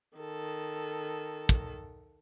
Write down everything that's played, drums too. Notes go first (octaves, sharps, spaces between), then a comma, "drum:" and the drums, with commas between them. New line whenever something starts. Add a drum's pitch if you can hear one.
D#3 A4
drum: kick